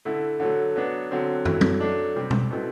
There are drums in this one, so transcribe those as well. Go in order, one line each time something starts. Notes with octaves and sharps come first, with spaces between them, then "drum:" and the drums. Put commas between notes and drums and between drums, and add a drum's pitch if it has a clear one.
D3 A3 E4
D3 F#3 A3
F#3 B3 D4
D3 F#3 C4
F#3 A3 E4, drum: tom
drum: tom
F#3 A3 D4
C3 G3 C4
drum: tom
B2 A3 C4 E4